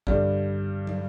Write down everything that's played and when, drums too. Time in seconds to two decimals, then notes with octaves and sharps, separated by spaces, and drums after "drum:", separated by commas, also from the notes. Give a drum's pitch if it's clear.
0.07 G2 D3 G3, drum: kick
0.87 drum: tom